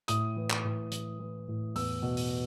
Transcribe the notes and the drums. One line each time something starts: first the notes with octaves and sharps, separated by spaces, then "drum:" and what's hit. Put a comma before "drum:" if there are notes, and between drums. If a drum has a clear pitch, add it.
A2 D#6, drum: hi-hat
E3
drum: clap
A2
E3, drum: hi-hat
E3
A2
E2 E6, drum: open hi-hat
B2
drum: open hi-hat